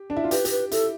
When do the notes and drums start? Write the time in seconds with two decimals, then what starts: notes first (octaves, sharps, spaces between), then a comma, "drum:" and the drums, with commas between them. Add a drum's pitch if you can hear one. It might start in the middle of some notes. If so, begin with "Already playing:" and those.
Already playing: G4
0.10 D4
0.17 E4
0.24 F4
0.31 G4 B4, drum: hi-hat
0.45 G4, drum: hi-hat
0.51 B4
0.71 E4 A4, drum: hi-hat